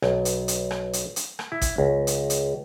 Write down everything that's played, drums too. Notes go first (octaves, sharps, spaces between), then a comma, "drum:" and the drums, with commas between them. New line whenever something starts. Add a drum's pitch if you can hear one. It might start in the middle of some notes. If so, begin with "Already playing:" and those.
B1, drum: rim click
drum: hi-hat
drum: hi-hat
drum: rim click
drum: hi-hat
drum: hi-hat
drum: rim click
E4
drum: kick G1, hi-hat
C#2
drum: hi-hat
drum: hi-hat